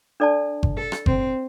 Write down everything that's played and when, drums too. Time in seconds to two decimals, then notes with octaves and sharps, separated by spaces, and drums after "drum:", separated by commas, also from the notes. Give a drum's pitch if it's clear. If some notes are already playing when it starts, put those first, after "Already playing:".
0.20 D4 A4 D5 A5
0.63 drum: kick G1
0.77 A4
0.92 drum: rim click
1.06 C4, drum: kick G1